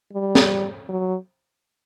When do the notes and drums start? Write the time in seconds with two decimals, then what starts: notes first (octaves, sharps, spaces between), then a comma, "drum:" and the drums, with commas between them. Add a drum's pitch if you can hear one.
0.13 G3
0.35 drum: snare
0.89 F#3